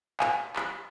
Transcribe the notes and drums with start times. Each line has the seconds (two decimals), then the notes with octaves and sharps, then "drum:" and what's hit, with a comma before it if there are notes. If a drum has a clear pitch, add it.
0.20 F5 G#5, drum: clap
0.56 drum: clap